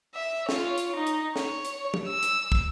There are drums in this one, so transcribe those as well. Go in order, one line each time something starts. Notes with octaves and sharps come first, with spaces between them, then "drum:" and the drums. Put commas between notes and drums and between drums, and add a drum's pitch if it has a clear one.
E5
F4 C#5, drum: snare
drum: hi-hat
D#4
drum: hi-hat
C#5, drum: snare
drum: hi-hat
drum: tom
E6
drum: hi-hat
drum: kick